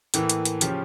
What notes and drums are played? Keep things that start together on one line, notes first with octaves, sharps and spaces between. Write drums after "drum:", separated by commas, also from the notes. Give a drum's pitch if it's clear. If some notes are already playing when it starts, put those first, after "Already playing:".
A2 E3 A#3, drum: hi-hat
drum: hi-hat
drum: hi-hat
C#3 F3 C#4 G4, drum: hi-hat